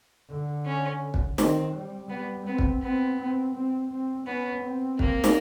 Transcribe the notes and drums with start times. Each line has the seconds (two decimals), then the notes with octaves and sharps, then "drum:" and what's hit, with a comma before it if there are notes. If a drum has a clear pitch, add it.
0.29 D3
0.66 C#4
1.14 drum: kick
1.38 D#3 C4, drum: snare
1.74 G3
2.10 G3 B3
2.47 B3 C4
2.58 drum: kick
2.83 B3 C4
3.19 C4
3.54 C4
3.91 C4
4.27 B3 C#4
4.63 C4
4.99 A#3, drum: kick
5.24 drum: snare